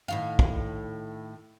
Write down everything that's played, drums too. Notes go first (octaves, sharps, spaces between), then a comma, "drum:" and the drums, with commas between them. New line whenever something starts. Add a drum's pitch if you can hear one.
A2 D#3 F5
drum: kick